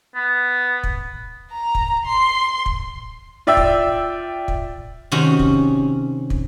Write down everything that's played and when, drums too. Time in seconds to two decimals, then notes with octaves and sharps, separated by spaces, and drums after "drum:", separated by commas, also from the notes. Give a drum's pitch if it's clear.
0.15 B3
0.84 drum: kick
1.52 A#5
1.75 drum: kick
2.06 C6
2.66 drum: kick
3.47 F4 D5 E5 G5 E6
3.57 drum: kick
4.48 drum: kick
5.12 C3 D#3 C#4 F#4
5.39 drum: kick
6.30 drum: kick